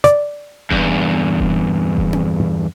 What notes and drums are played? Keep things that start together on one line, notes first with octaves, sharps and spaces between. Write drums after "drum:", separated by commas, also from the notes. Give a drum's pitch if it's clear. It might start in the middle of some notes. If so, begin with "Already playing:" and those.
D5, drum: hi-hat
E2 G2, drum: kick E1
drum: kick E1
drum: kick E1
drum: tom C4